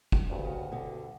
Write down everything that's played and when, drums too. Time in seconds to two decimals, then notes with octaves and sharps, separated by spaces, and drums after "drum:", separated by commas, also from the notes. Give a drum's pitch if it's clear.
0.12 drum: kick
0.30 D2 G2
0.44 C#3 F#4
0.72 B2 D3